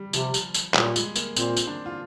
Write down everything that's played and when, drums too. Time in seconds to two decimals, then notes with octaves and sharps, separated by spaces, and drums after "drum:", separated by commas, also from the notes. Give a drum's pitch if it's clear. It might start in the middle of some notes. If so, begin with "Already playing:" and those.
Already playing: G3
0.13 C3 F3, drum: tambourine
0.34 drum: tambourine
0.54 drum: tambourine
0.74 A#2 G3, drum: clap
0.96 G#3, drum: tambourine
1.16 A#3, drum: tambourine
1.36 A#2 C4, drum: tambourine
1.57 drum: tambourine
1.67 D4
1.86 F4